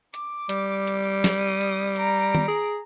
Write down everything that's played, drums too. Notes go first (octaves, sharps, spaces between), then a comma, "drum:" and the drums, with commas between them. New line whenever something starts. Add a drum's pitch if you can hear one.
D6, drum: hi-hat
G3, drum: hi-hat
drum: hi-hat
drum: snare
D#6
drum: hi-hat
A#5 D7, drum: hi-hat
drum: tom D#3
G#4